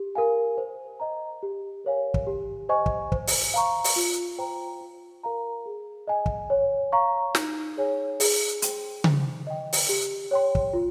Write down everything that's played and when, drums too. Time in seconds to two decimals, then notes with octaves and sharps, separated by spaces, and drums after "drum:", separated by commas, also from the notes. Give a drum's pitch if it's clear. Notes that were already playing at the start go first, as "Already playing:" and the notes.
Already playing: G4
0.15 A#4 F5 G#5
0.58 C5
1.00 D#5 A#5
1.43 G4
1.84 A#4 C#5 F5 G#5
2.14 drum: kick
2.27 G4
2.69 C5 D#5 G#5 C#6
2.86 drum: kick
3.12 C5, drum: kick
3.27 drum: open hi-hat
3.54 F5 A#5 C#6
3.84 drum: open hi-hat
3.96 F4
4.38 C5 G5 A#5
4.81 F4
5.23 A#4 F5 A#5
5.66 G#4
6.07 D#5 G#5
6.26 drum: kick
6.50 C#5
6.92 F5 A#5 C#6
7.35 D#4, drum: snare
7.77 G#4 C#5 G#5
8.20 G#4, drum: open hi-hat
8.62 C5 G5 C6, drum: hi-hat
9.04 C5, drum: tom C#3
9.47 D#5 G5
9.73 drum: open hi-hat
9.89 G4
10.31 C#5 G5 C6
10.55 drum: kick
10.73 F4